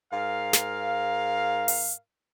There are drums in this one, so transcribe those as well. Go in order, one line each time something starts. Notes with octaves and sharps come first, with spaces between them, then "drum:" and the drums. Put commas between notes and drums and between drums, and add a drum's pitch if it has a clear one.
G#2 A#4 F5
drum: snare
drum: open hi-hat